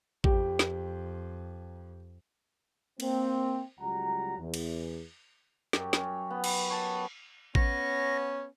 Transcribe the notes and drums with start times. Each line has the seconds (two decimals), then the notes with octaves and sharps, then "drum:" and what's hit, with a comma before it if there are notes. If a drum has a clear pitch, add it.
0.24 F2 G4, drum: kick A1
0.59 drum: snare
3.00 A#3 C4, drum: cymbal
3.80 C#2 F#3 G3 F#5 A#5
4.39 E2
4.54 drum: cymbal
5.73 F#2 G4, drum: snare
5.93 C#4, drum: snare
6.30 B3
6.44 B5, drum: cymbal
6.70 C#5 A5
7.55 B3 C#4 A#6, drum: kick A1